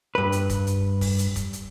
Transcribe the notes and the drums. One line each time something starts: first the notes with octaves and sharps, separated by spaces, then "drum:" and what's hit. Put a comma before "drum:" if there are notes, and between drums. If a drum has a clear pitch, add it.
G2 B4
drum: hi-hat
drum: kick, hi-hat
drum: hi-hat
drum: kick, open hi-hat
drum: hi-hat
drum: kick, hi-hat
drum: hi-hat